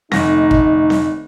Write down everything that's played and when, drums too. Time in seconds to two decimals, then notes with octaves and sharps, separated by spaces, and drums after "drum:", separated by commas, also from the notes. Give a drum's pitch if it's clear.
0.12 F1 D3 A3 D#4 A#6, drum: snare C4
0.51 drum: kick
0.90 drum: snare C4